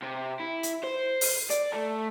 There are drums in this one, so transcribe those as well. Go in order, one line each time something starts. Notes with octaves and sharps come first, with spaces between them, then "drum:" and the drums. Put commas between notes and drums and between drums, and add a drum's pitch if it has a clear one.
C3
E4
drum: hi-hat
C5
drum: open hi-hat
D5, drum: hi-hat
A3